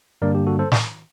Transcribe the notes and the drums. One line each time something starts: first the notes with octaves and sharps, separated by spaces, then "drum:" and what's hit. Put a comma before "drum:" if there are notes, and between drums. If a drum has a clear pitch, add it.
G2 D3 G3 A#3 D4 A#4 D5
G4
F#4 A4
A4 C5
drum: snare